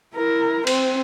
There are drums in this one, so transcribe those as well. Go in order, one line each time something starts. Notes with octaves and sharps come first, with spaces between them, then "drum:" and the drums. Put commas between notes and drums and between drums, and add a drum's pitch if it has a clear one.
E4 A#4
C4 C5, drum: cymbal